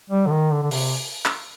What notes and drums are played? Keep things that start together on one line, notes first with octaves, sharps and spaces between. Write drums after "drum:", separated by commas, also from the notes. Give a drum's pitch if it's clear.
G3
D3
D#3
D3
D3
C3, drum: open hi-hat
drum: clap